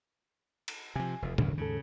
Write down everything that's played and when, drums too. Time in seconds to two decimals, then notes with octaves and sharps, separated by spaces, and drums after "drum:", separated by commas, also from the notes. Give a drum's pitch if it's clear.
0.68 drum: cymbal
0.96 C3 F3 G#5
1.22 F1 E2
1.38 E1 B1 F#2 D3, drum: tom
1.58 D#2 G#2 C#3 A4